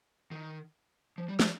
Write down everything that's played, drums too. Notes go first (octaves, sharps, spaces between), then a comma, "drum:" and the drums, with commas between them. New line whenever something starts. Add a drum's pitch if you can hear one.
D#3
F3
G3
F3, drum: snare